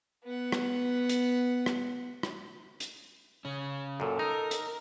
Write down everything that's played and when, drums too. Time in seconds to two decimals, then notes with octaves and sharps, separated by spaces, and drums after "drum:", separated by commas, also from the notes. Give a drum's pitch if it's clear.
0.24 B3 F#5
0.52 drum: rim click
1.09 drum: hi-hat
1.66 drum: rim click
2.23 drum: rim click
2.80 drum: hi-hat
3.45 C#3 C#4
4.00 F#2 A#2 A4
4.19 D#4 A#4
4.51 drum: hi-hat